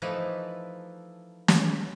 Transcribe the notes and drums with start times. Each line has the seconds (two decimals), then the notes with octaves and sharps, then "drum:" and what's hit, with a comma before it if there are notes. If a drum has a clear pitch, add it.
0.02 E3 F3 A3 D#4 E4 B4
1.48 drum: snare